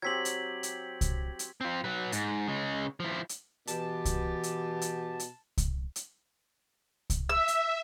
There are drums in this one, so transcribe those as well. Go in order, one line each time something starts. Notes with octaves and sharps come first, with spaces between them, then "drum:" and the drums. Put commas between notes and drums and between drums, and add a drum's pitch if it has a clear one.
F#3 C4 G4 G#6 B6 F#7
drum: hi-hat
drum: hi-hat
drum: kick C2, hi-hat
drum: hi-hat
C4 F4
F#3 B4
G#2, drum: hi-hat
C#3 G#3
F3 E4
drum: hi-hat
B2 E3 G4 A5, drum: hi-hat
drum: kick C2, hi-hat
drum: hi-hat
drum: hi-hat
drum: hi-hat
drum: kick C2, hi-hat
drum: hi-hat
drum: kick C2, hi-hat
E5 E6
drum: hi-hat